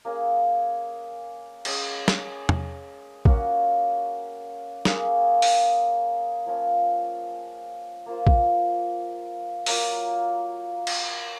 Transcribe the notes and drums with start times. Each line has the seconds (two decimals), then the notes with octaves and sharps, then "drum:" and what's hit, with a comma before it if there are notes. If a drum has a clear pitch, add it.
0.05 A#3 C#4 G#4 D#5
1.65 G#3 C#4 G#4 D#5, drum: cymbal
2.08 drum: snare
2.49 drum: tom
3.25 A#3 C#4 F#4, drum: kick A#1
4.85 A#3 C#4 G#4, drum: snare
5.42 drum: open hi-hat
6.46 F3 A#3 C#4 F4
8.06 A#3 F4 C5
8.27 drum: kick A#1
9.66 F#3 A#3 F4, drum: open hi-hat
10.87 drum: cymbal